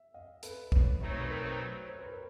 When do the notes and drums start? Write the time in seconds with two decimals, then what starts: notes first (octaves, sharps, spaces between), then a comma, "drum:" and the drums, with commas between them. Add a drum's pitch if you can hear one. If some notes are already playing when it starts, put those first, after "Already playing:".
Already playing: E5
0.14 D#5 F5
0.43 A4 B4, drum: hi-hat
0.72 B4 C#5, drum: kick A#1
1.01 B2 F#3 A3 C4 D#4 C#5
1.11 C5
1.20 B4
1.30 A#4 C5
1.44 B4 C#5
1.88 C5
1.99 B4
2.09 A#4 C5